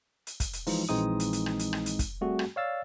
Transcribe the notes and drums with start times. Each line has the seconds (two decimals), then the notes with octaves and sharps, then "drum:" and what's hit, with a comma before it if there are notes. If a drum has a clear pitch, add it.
0.27 drum: hi-hat
0.40 drum: kick, hi-hat
0.53 drum: hi-hat
0.67 E3 F3 G#3 D#4 F4, drum: open hi-hat
0.89 A#1 E3 G#3 C4 D#4 D#6
1.20 drum: hi-hat
1.33 drum: hi-hat
1.46 drum: rim click
1.59 drum: hi-hat
1.73 drum: rim click
1.86 drum: hi-hat
1.99 drum: kick, hi-hat
2.21 G3 A3 C4 F#4 G#4
2.39 drum: rim click
2.56 C#5 D5 F5 E6 A6